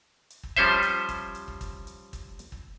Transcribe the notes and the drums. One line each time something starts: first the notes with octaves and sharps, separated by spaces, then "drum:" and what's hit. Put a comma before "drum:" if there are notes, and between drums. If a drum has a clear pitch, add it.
drum: hi-hat
drum: kick
F3 G3 C#4 C5 E5, drum: kick, hi-hat
drum: hi-hat
drum: kick, hi-hat
drum: hi-hat
drum: kick
drum: kick, hi-hat
drum: hi-hat
drum: kick, hi-hat
drum: hi-hat
drum: kick